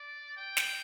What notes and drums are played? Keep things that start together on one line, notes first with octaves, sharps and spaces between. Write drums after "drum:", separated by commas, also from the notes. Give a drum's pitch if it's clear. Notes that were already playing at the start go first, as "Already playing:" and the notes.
Already playing: D5
G5
drum: snare